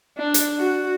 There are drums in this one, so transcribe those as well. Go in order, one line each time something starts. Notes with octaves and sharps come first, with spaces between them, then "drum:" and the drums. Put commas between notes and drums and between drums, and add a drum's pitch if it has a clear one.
D4
drum: hi-hat
F#4